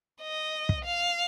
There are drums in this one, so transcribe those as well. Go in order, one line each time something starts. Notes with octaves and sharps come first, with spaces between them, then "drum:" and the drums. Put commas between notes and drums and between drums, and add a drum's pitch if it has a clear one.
D#5
drum: kick
F5